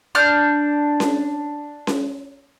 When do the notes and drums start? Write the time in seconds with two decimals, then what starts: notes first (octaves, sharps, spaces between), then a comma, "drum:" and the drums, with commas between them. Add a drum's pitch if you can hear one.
0.15 D4 F6 G6
1.00 drum: snare C#4
1.87 drum: snare C#4